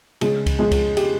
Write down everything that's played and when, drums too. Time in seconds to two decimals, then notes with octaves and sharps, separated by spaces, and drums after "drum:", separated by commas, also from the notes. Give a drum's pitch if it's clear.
0.21 C#3 G#3 G#4, drum: cymbal
0.46 drum: kick C#2, cymbal
0.58 F2 G#3 G#4
0.71 drum: kick C#2, cymbal
0.97 G4, drum: cymbal